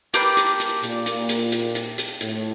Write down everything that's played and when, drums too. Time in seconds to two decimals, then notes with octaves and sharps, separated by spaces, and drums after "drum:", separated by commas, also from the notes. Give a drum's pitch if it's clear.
0.14 A#3 D4 G4 B4, drum: hi-hat
0.37 drum: hi-hat
0.60 drum: hi-hat
0.83 A#2, drum: hi-hat
1.06 drum: hi-hat
1.29 drum: hi-hat
1.52 drum: hi-hat
1.75 drum: hi-hat
1.98 drum: hi-hat
2.21 A2, drum: hi-hat